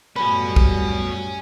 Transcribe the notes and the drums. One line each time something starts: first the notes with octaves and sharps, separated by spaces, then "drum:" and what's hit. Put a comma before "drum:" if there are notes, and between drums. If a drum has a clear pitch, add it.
F#2 A2 G3 C#4 F#4 B4 B5
drum: kick